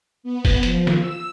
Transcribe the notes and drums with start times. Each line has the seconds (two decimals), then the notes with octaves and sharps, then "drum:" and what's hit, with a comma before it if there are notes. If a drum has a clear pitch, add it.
0.23 B3
0.45 drum: kick F#1, open hi-hat
0.63 F3, drum: hi-hat
0.87 drum: snare
0.99 E6